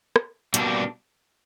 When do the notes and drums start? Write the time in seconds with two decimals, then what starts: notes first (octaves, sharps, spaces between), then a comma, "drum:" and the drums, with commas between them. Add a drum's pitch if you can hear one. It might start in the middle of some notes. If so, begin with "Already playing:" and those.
0.16 drum: rim click
0.54 B2 G3 A#3 D4, drum: hi-hat